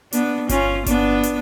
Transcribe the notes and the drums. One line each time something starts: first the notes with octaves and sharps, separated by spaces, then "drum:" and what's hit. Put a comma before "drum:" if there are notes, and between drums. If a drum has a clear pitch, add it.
B3 D4, drum: hi-hat
C#4 F4, drum: kick G1, hi-hat
B3 D4, drum: kick G1, hi-hat
drum: hi-hat